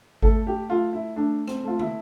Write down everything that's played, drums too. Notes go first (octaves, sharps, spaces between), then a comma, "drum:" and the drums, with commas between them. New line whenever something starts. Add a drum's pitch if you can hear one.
A3 A4, drum: kick G#1
G4
A3 F4
E4
A3 D4
C4, drum: rim click
A3 F4
E4, drum: tom